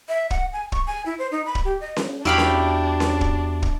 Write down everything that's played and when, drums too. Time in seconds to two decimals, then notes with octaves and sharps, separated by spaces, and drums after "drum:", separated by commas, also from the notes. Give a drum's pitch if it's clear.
0.09 E5
0.30 F#5, drum: kick
0.53 G#5
0.72 C#6, drum: kick
0.87 G#5
1.06 E4
1.19 C5
1.31 D#4
1.46 B5
1.55 drum: kick
1.65 G4
1.81 D#5
1.96 drum: snare C#4
2.25 E2 D4 E4 F#4 G4 F5 G5 B5
2.38 drum: snare C#4
3.00 drum: snare C#4
3.21 drum: kick
3.62 drum: kick